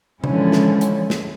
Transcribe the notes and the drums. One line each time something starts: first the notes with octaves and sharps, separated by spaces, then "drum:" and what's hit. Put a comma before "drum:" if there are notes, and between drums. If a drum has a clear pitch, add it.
D3 E3 F3 G#3 C#4 E4, drum: tom C3
drum: snare
drum: hi-hat
drum: snare